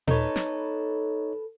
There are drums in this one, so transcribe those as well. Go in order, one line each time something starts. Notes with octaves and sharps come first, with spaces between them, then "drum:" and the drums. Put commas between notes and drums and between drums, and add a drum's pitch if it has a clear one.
D#4 A4 B4 C#5, drum: tom A#2
drum: snare